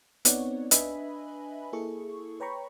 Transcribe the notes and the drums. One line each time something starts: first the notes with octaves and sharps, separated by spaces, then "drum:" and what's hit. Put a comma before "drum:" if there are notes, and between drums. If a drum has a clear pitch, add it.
B3 C4 D#4 C#5 D5 F#5, drum: hi-hat
D4 B4 D#5 E5 G#5 B5, drum: hi-hat
A#3 E4 G#4 A4 C#6
B4 C#5 G5 A#5 B5 C#6